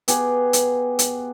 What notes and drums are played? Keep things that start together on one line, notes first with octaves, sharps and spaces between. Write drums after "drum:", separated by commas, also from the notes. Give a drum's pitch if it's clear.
B3 G4 G#4, drum: hi-hat
drum: hi-hat
drum: hi-hat